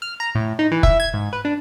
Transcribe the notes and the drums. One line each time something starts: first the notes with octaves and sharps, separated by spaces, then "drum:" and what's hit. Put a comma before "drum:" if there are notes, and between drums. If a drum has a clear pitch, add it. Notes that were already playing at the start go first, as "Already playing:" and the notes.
F6
A#5
A2
D#4
E3
E5, drum: kick F1
G#6
G#2
B4
D4